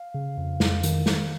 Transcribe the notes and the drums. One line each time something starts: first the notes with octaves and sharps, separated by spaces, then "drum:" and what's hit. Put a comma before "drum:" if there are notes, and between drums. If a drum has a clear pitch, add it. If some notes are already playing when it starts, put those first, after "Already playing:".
Already playing: F5
C#3
F2
F2, drum: snare
D#3, drum: hi-hat
D#3, drum: snare